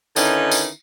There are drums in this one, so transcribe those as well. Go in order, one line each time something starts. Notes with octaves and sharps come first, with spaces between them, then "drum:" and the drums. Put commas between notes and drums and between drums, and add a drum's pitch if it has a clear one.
D3 D#3 C#4 D#4 E4 B4, drum: tambourine
drum: tambourine